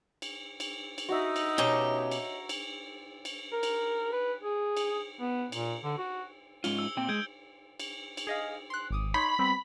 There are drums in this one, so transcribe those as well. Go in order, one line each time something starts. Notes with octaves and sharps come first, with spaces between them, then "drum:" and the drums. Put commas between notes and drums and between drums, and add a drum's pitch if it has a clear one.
drum: cymbal
drum: cymbal
drum: cymbal
D#4 F#4 E5
drum: cymbal
B2 C#4 G4 C5 C#5 D#5 A#5
drum: cymbal
drum: cymbal
drum: cymbal
A#4
drum: cymbal
B4
G#4
drum: cymbal
B3
A#2, drum: cymbal
D3
F#4
G#2 C#4 F4 G7, drum: cymbal
E6
A#2 C4 G5
G#3 G6 G#6 D7
drum: cymbal
drum: cymbal
G#4 D#5 F5
C6 F#6
G#1 D6 D#6
D#4 C#5 B5 C6
G3 B3 C4